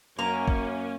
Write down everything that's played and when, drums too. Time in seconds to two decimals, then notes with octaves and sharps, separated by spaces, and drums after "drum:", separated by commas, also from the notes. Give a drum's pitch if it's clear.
0.19 F#2 A#3 C#4 A#5
0.48 drum: kick G#1